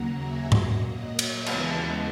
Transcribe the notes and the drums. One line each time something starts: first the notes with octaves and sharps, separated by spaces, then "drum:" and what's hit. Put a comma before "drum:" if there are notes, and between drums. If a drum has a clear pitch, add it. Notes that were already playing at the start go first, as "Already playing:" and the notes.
Already playing: D#2 C#3 F#3 A#3 F#5 A#5
E5 G#5
drum: tom G#2
A#2 F#3 A#3 D#5 F#5
D#5 F#5
C#5 E5, drum: cymbal
D#2 C#3 E3 G#3 B3 B4 D#5, drum: cymbal